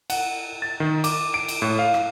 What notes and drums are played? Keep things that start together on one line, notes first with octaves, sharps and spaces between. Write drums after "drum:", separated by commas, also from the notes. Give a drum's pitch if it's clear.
F#5, drum: cymbal
A6
D#3
D6, drum: cymbal
D7
drum: cymbal
A2
F5
drum: rim click